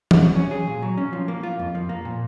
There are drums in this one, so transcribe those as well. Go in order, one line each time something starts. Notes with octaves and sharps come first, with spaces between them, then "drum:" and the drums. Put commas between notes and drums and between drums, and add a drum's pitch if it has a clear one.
drum: tom E3
F#3
C#4
G#4
A#2
F#3
C#4
F3
A#3
F4
F2
F3
A#3
A#2